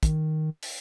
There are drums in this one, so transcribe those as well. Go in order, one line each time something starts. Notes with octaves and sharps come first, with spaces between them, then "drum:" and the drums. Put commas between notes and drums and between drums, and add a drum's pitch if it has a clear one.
D#3, drum: kick, hi-hat
drum: open hi-hat